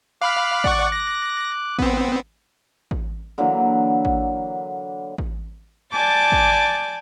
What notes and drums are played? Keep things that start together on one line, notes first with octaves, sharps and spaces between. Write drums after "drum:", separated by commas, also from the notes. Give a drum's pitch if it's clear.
F5 B5 D6 F6 F#6
D5 F#5 C#6, drum: kick A1
A#6
B3 C4, drum: kick A1
drum: kick A1
D3 E3 F#3 A#3
drum: kick A1
drum: kick A1
D5 G#5 A5 D6 G6 A6
drum: kick A1